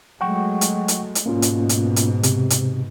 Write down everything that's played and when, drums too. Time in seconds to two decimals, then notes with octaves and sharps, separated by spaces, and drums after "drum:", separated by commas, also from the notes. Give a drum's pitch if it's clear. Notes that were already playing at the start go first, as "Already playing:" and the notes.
0.21 F#3 G#3 A3 F#5 G5 C#6
0.61 drum: hi-hat
0.88 drum: hi-hat
1.15 drum: hi-hat
1.26 G#2 B2 A#3 C#4 F4
1.42 drum: hi-hat
1.69 drum: hi-hat
1.96 drum: hi-hat
2.23 C3, drum: hi-hat
2.50 drum: hi-hat